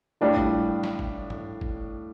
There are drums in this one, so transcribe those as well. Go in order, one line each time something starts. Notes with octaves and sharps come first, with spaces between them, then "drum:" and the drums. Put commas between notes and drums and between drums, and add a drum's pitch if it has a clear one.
A2 G3 D4 F4
drum: kick
drum: snare
drum: kick
drum: tom G#2
drum: kick